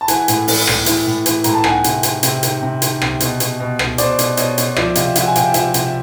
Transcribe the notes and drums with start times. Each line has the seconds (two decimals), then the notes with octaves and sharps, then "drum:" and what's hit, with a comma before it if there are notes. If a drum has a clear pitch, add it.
0.01 A5
0.08 E3 F#5 G#5, drum: hi-hat
0.28 A2, drum: hi-hat
0.48 E3, drum: open hi-hat
0.67 A2, drum: rim click
0.86 E3, drum: hi-hat
1.06 A2
1.26 E3, drum: hi-hat
1.44 A2 A#5, drum: hi-hat
1.53 A5
1.64 D#3 F#5 G#5, drum: rim click
1.84 C3, drum: hi-hat
2.03 D#3, drum: hi-hat
2.23 C3, drum: hi-hat
2.43 D#3, drum: hi-hat
2.62 C3
2.82 D#3, drum: hi-hat
3.02 C3, drum: rim click
3.20 B2, drum: hi-hat
3.40 B2, drum: hi-hat
3.60 B2
3.79 B2, drum: rim click
3.98 B2 C5 D5, drum: hi-hat
4.19 B2, drum: hi-hat
4.37 B2 C#5 D#5, drum: hi-hat
4.58 B2, drum: hi-hat
4.76 F3 D5 E5, drum: rim click
4.95 C3 D#5 F5, drum: hi-hat
5.16 F3 E5 F#5, drum: hi-hat
5.26 G#5
5.36 C3 F5 G5, drum: hi-hat
5.54 F3 E5 F#5, drum: hi-hat
5.74 C3, drum: hi-hat